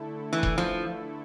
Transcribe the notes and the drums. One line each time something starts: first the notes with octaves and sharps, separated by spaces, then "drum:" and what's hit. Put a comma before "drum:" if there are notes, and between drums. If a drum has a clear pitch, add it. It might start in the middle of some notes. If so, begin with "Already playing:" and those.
Already playing: D3 A3 E4 A4
E3
drum: kick E1
F3